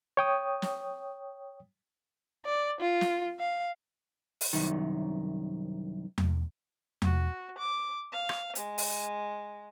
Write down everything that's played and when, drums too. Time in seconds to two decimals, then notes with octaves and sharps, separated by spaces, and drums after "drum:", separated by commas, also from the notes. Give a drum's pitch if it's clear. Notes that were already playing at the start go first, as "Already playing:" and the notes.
0.17 C#5 G5 D#6
0.62 drum: snare
2.45 D5
2.81 F4
3.01 drum: snare
3.39 F5
4.41 drum: open hi-hat
4.53 C2 F#2 D#3
6.18 drum: tom E2
7.02 F#4, drum: tom E2
7.57 D6
8.11 F5
8.29 drum: rim click
8.55 G#3, drum: hi-hat
8.78 drum: open hi-hat